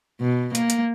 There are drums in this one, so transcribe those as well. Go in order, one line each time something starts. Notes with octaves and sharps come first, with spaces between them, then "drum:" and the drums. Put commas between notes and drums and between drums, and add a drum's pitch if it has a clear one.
B2
A#3, drum: hi-hat
drum: hi-hat